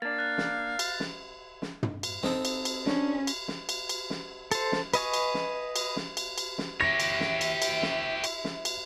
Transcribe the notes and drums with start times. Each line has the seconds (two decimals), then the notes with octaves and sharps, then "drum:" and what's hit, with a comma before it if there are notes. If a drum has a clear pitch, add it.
0.02 A#3 D4 F5 A6
0.19 F#6 A6
0.38 drum: snare
0.79 drum: cymbal
1.00 drum: snare
1.62 drum: snare
1.83 drum: tom
2.03 drum: cymbal
2.23 C4 D#4 A4, drum: snare
2.45 drum: cymbal
2.65 drum: cymbal
2.86 C#4 D4, drum: snare
3.27 drum: cymbal
3.48 drum: snare
3.69 drum: cymbal
3.89 drum: cymbal
4.10 drum: snare
4.51 A4 C5, drum: cymbal
4.72 drum: snare
4.94 B4 D#5 G#5 C#6, drum: cymbal
5.14 drum: cymbal
5.34 drum: snare
5.76 drum: cymbal
5.96 drum: snare
6.17 drum: cymbal
6.38 drum: cymbal
6.58 drum: snare
6.81 E4 G4 C#5 E5 A#6
7.00 drum: cymbal
7.20 drum: snare
7.41 drum: cymbal
7.62 drum: cymbal
7.82 drum: snare
8.24 drum: cymbal
8.44 drum: snare
8.65 drum: cymbal